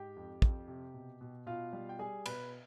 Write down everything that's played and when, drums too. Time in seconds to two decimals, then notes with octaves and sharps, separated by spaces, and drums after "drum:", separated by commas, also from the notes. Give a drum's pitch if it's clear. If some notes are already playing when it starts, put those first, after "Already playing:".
Already playing: G#2 G4 G5
0.16 F2
0.42 F2, drum: kick
0.68 C3
0.94 B2
1.21 B2
1.46 B2 F4 F5
1.73 G3
1.89 G5
1.99 G3 G#4 G#5
2.26 B2 B4 B5, drum: cymbal